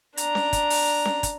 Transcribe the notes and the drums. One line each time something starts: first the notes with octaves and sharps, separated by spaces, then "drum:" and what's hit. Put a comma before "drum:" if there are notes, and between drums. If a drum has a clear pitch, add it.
D4 A#5, drum: hi-hat
drum: snare C#4
drum: kick, hi-hat
drum: open hi-hat
drum: snare C#4
drum: kick, hi-hat